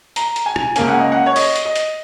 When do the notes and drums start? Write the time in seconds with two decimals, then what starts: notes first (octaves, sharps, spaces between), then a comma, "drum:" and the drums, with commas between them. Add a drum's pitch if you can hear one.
0.16 A#5, drum: hi-hat
0.36 drum: hi-hat
0.46 G#5
0.56 drum: rim click
0.76 C#2 C#3 A#3 C#4 G#5, drum: hi-hat
0.88 F#5
1.00 D#5
1.12 F#5
1.26 C#5
1.36 D#5, drum: open hi-hat
1.56 drum: hi-hat
1.65 D#5
1.76 drum: hi-hat